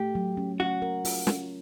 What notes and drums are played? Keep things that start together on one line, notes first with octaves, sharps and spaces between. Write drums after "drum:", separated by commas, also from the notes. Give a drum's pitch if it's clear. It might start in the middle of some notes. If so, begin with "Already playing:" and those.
Already playing: A3 G4
F#3
C#4
C#4 F#4
A#4
F4, drum: open hi-hat
C#4, drum: snare